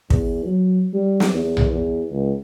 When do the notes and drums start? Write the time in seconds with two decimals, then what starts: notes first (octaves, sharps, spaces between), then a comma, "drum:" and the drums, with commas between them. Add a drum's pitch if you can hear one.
0.10 E2, drum: kick
0.46 F#3
0.93 G3
1.20 drum: snare
1.33 E2
1.57 drum: tom B1
1.73 E2
2.11 C#2